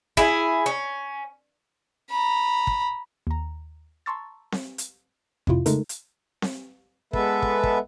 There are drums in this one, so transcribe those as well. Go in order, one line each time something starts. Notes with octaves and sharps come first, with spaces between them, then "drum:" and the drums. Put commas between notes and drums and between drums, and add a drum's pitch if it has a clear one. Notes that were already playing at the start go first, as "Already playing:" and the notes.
E4 G#4, drum: kick
C#4
A#5 B5
drum: kick
D#2 A#5
A5 A#5 C6 C#6 E6 A6
drum: snare C4
drum: hi-hat
F2 A2 C3 E4 F4, drum: kick
C#3 G#3 A3 D#4 A4 A#4, drum: hi-hat
drum: hi-hat
drum: snare C4
G#3 B3 A4 B4 E5, drum: kick
drum: kick
drum: kick